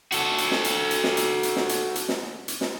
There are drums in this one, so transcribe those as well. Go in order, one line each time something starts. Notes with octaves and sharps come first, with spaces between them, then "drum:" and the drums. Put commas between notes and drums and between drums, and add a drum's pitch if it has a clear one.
F#4 A4, drum: hi-hat
drum: hi-hat
drum: snare
drum: hi-hat
drum: hi-hat
drum: snare
drum: hi-hat
drum: hi-hat
drum: snare
drum: hi-hat
drum: hi-hat
drum: snare
drum: hi-hat
drum: snare